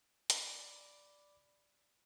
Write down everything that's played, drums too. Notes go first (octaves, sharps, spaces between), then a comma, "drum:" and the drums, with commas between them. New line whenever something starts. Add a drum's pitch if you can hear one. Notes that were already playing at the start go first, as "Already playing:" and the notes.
D5 B5 D6, drum: hi-hat